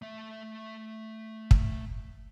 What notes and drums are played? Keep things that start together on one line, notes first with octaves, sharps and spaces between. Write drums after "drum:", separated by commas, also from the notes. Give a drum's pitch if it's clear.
A3 E5
drum: kick